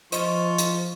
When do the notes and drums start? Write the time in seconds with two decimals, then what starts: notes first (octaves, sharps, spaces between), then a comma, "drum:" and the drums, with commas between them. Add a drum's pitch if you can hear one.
0.12 F3 F4 C5 D#5 C6 C#6, drum: hi-hat
0.58 drum: hi-hat